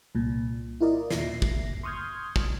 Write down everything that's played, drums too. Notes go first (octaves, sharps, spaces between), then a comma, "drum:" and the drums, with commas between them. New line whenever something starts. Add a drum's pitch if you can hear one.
C2 A#2
E4 F4 A#4 D5 D#5
D#2 A#2 E5 A#6 C7, drum: snare
drum: kick
C6 C#6 D#6 F6 G6 G#6
drum: kick